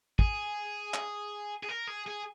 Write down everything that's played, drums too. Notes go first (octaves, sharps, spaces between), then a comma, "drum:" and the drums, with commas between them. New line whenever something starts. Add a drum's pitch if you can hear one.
G#4, drum: kick
drum: clap
G#4
A#4
G#4
G#4